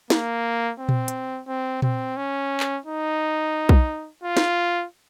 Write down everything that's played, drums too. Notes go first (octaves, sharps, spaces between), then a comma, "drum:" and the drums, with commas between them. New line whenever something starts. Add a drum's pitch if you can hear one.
A#3, drum: snare
C4
drum: tom A#2
drum: hi-hat
C4
C4, drum: tom A#2
C#4
drum: clap
D#4
drum: kick B1
F4
drum: snare